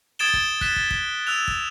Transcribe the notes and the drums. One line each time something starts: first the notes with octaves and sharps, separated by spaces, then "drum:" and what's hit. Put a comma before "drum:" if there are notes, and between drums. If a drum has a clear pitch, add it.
D#6 G#6 A6 D7 E7 G7
drum: kick
F#6 B6 E7, drum: kick
drum: kick
drum: kick
E6 F#6 F7
drum: kick